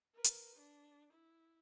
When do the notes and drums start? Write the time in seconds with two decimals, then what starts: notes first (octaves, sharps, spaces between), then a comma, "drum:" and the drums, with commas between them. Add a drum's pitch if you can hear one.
0.14 A#4 B4
0.24 drum: hi-hat
0.56 D4
1.13 E4